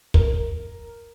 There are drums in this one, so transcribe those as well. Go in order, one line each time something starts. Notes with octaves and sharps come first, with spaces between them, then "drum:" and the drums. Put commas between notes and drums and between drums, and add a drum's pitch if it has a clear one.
A#4, drum: kick